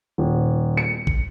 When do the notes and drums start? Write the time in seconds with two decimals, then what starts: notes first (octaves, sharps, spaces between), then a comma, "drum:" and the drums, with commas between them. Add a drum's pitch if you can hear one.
0.18 D#1
0.77 C#7
1.07 drum: kick A1